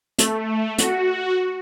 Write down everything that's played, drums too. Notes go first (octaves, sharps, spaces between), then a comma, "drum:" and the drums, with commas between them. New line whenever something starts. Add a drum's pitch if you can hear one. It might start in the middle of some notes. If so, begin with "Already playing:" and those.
A3, drum: hi-hat
F#4, drum: hi-hat